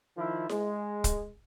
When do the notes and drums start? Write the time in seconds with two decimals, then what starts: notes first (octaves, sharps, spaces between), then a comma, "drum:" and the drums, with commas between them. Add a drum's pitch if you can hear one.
0.17 D#3 F3 E4
0.49 G#3, drum: snare E4
1.04 drum: kick, hi-hat